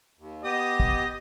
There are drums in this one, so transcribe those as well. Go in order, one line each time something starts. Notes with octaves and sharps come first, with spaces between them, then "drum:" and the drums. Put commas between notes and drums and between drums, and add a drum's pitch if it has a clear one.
D#2
B3 G4 D#5 D#6
drum: kick